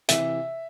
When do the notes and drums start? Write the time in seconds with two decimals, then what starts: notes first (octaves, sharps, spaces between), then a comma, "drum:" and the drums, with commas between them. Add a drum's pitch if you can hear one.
0.09 C3 E3 E5, drum: hi-hat